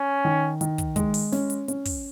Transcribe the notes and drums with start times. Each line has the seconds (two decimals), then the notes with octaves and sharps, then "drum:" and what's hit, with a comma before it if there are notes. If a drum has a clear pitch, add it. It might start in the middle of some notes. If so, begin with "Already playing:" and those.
Already playing: C#4
0.25 D#3
0.61 D#3, drum: hi-hat
0.78 drum: kick, hi-hat
0.96 G#3, drum: kick, hi-hat
1.14 drum: open hi-hat
1.32 C#4, drum: snare
1.50 drum: hi-hat
1.68 C#4, drum: hi-hat
1.86 drum: kick, open hi-hat